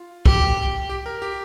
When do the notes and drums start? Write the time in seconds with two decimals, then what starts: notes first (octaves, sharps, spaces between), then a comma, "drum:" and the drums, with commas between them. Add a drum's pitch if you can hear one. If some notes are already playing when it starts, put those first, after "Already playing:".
Already playing: F4
0.26 G4, drum: kick B1
0.89 G4
1.06 A#4
1.22 G4